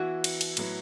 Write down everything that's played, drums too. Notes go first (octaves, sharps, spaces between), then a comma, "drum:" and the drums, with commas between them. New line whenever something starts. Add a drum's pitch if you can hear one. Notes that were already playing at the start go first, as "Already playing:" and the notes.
Already playing: E3 B3 E4 F#4
drum: cymbal
drum: cymbal
A2 F#3 B3 E4, drum: cymbal